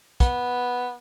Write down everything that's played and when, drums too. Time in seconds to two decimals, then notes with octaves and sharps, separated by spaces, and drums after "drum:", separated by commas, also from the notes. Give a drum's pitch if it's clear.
0.20 B3, drum: kick, hi-hat